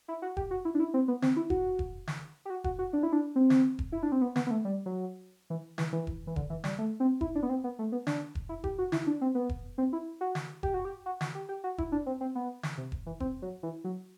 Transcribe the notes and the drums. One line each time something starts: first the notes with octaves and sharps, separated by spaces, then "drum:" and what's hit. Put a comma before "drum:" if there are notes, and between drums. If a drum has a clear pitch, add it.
E4
F#4
G4, drum: kick E1
F#4
E4
D4
E4
C4
B3
C4, drum: snare
E4
F#4, drum: kick E1
drum: kick E1
drum: snare
G4
F#4
F#4, drum: kick E1
F#4
D4
E4
D4
C4
drum: snare
drum: kick E1
E4
D4
C4
B3
B3, drum: snare
B3
A3
G3
F#3
E3
E3, drum: snare
E3
drum: kick E1
E3
D3, drum: kick E1
E3
G3, drum: snare
A3
C4
E4, drum: kick E1
D4
B3
C4
B3
A3
B3
D4, drum: snare
drum: kick E1
E4
G4, drum: kick E1
F#4
E4, drum: snare
D4
C4
B3
drum: kick E1
C4
E4
F#4
drum: snare
G4, drum: kick E1
F#4
G4
F#4
F#4, drum: snare
G4
G4
F#4
E4, drum: kick E1
D4
C4
C4
B3
drum: snare
C3
drum: kick E1
E3
C4, drum: kick E1
F#3
E3
F#3